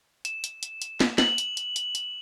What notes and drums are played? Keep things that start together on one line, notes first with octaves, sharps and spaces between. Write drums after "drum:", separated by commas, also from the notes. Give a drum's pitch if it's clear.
E7, drum: hi-hat
drum: hi-hat
drum: hi-hat
drum: hi-hat
drum: snare
F#7, drum: snare
drum: hi-hat
drum: hi-hat
drum: hi-hat
drum: hi-hat